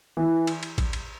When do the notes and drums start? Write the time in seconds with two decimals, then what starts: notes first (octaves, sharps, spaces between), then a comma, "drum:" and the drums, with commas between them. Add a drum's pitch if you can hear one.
0.17 E3
0.47 drum: cymbal
0.63 drum: cymbal
0.78 drum: kick A1, cymbal
0.93 drum: cymbal